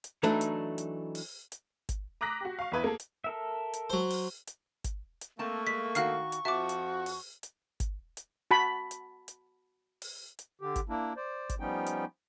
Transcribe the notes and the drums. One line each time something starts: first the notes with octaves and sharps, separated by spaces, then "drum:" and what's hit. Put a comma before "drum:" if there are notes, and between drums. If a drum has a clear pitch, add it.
drum: hi-hat
E3 F#3 A3 D4 D#4
drum: hi-hat
drum: hi-hat
drum: open hi-hat
drum: hi-hat
drum: kick G#1, hi-hat
A#5 D6 D#6 F#6 A#6 B6
F#4 G4
F5 C#6
E2 E4 B4 D#6 G#6
A#3 G#4 A4
drum: hi-hat
A4 A#4 E5
drum: hi-hat
F#3 C5
drum: open hi-hat
drum: hi-hat
drum: kick G#1, hi-hat
drum: hi-hat
A3 A#3 C4 A5 C#6
G#3 B6
D#3 F#4 F5 F6 C7, drum: hi-hat
drum: hi-hat
F2 F3 F#4 E5 A5 D6
drum: hi-hat
drum: open hi-hat
drum: hi-hat
drum: kick G#1, hi-hat
drum: hi-hat
F#4 A5 B5
drum: hi-hat
drum: hi-hat
drum: open hi-hat
drum: hi-hat
D3 G4
drum: kick G#1, hi-hat
A#3 D4 E4
C5 D5
drum: kick G#1, hi-hat
F3 G3 B3 C#4 D#4 G5
drum: hi-hat